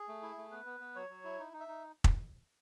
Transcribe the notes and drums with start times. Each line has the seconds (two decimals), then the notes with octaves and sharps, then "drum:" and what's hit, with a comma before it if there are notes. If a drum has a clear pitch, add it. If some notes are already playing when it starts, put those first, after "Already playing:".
Already playing: G#4
0.08 A3
0.23 E4
0.37 A3
0.51 B3 B4
0.65 B3
0.80 B3
0.95 F#3 C#5
1.09 F#3
1.24 E4
1.39 D#4
1.53 D#4
1.60 E5
1.68 D#4
2.04 drum: kick